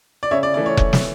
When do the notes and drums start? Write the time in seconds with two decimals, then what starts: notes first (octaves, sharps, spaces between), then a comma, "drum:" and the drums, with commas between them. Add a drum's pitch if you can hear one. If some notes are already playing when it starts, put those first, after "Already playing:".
0.23 D5
0.31 C#3 C#5 E5
0.43 D5
0.54 E3 A3 C#4 E4 D5
0.66 C#5
0.77 drum: kick F1
0.93 drum: snare